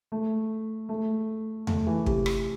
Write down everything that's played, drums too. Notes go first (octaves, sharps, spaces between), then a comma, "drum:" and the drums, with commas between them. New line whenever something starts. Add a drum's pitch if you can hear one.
A3
A3
A3, drum: tom E2
E3
C3, drum: kick
drum: rim click